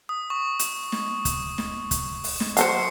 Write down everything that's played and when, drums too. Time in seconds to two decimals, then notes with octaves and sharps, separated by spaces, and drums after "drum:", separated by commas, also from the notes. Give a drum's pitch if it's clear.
0.09 D#6
0.30 C#6
0.59 drum: hi-hat
0.92 drum: snare
1.25 drum: kick, hi-hat
1.58 drum: snare
1.91 drum: kick, hi-hat
2.24 drum: open hi-hat
2.40 drum: snare
2.57 F#3 A4 C5 C7 C#7, drum: hi-hat